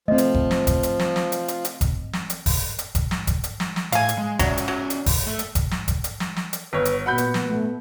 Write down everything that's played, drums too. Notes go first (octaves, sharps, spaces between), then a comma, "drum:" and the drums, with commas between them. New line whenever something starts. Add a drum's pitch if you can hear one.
F3 A3 C4 D#5
drum: hi-hat
drum: kick F1
drum: snare
drum: kick F1, hi-hat
drum: hi-hat
drum: snare
drum: snare
drum: hi-hat
drum: hi-hat
drum: hi-hat
drum: kick F1, hi-hat
drum: snare
drum: hi-hat
drum: kick F1, open hi-hat
drum: hi-hat
drum: kick F1, hi-hat
drum: snare
drum: kick F1, hi-hat
drum: hi-hat
drum: snare
drum: snare
A2 F5 G#5, drum: hi-hat
drum: hi-hat
G#3
F#3 C#4 D5 E5, drum: kick F1, hi-hat
drum: hi-hat
F#3
drum: hi-hat
drum: kick F1, open hi-hat
A3
drum: hi-hat
drum: kick F1, hi-hat
drum: snare
drum: kick F1, hi-hat
drum: hi-hat
drum: snare
drum: snare
drum: hi-hat
G1 B4 C#5
drum: hi-hat
A#2 B3 F#4 F#5 B5 G6
drum: hi-hat
drum: snare
A3